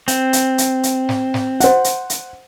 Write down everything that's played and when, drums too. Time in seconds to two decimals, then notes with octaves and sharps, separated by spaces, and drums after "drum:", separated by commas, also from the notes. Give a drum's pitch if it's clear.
0.08 C4, drum: hi-hat
0.33 drum: hi-hat
0.58 drum: hi-hat
0.83 drum: hi-hat
1.09 drum: snare
1.34 drum: snare
1.60 C5 F#5, drum: hi-hat
1.84 drum: hi-hat
2.10 drum: hi-hat